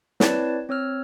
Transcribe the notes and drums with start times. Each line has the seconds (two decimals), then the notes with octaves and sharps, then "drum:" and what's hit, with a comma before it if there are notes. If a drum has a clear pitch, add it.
0.20 C4 E4 B4 C#5 D5 A5, drum: snare
0.69 C4 C#5 E6 F6